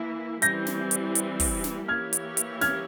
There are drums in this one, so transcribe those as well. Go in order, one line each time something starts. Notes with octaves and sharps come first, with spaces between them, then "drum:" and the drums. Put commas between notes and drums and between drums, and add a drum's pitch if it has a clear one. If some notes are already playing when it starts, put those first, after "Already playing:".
Already playing: E3 A#3 E4
E3 G3 C4 G6 A#6, drum: hi-hat
drum: snare
drum: hi-hat
drum: hi-hat
drum: kick, open hi-hat
drum: snare
E3 A#3 E4 G4 C#5 F6 G#6
drum: hi-hat
drum: hi-hat
F6 G#6, drum: snare